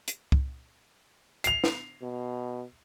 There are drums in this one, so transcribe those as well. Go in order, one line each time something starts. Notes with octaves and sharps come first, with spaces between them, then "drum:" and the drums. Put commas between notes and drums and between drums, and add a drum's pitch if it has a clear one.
drum: hi-hat
drum: kick
C7 F7, drum: hi-hat
drum: snare
B2